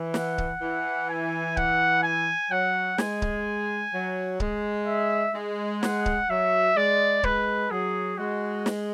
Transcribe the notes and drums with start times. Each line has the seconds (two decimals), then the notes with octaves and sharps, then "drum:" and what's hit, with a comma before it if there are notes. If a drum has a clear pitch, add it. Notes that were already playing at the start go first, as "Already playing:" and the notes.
Already playing: E3
0.14 F#5, drum: snare
0.38 drum: kick C#1
0.62 E3
1.10 G#5
1.57 F#5, drum: kick C#1
2.03 G#5
2.51 F#3 F#5
2.98 G#3 G#5, drum: snare
3.22 drum: kick C#1
3.93 F#3
4.40 G#3, drum: kick C#1
4.87 E5
5.34 G#3
5.83 F#5, drum: snare
6.06 drum: kick C#1
6.29 F#3 E5
6.77 G#3 D5
7.23 G#3 B4, drum: kick C#1
7.71 F#3 G#4
8.18 G#3 F#4
8.66 drum: snare